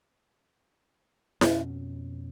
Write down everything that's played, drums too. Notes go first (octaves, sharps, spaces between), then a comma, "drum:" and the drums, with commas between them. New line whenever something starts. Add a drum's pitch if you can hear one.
F2 B2 C#4, drum: snare E4